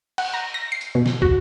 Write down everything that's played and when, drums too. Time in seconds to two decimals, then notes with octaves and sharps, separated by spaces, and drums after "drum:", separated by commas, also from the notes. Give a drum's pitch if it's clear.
0.18 F#5, drum: cymbal
0.34 A#5
0.54 A#6
0.72 C7
0.81 drum: hi-hat
0.95 B2
1.06 drum: snare
1.22 F#4, drum: kick